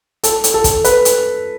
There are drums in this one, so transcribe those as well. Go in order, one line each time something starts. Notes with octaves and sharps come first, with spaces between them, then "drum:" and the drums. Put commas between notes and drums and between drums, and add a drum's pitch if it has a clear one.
A4, drum: hi-hat
drum: hi-hat
A4
drum: kick, hi-hat
B4, drum: hi-hat
drum: hi-hat